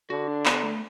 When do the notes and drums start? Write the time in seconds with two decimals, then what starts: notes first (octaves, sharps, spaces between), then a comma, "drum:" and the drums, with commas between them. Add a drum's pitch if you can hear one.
0.10 D3 F#4
0.28 D4
0.46 B3, drum: clap
0.63 A3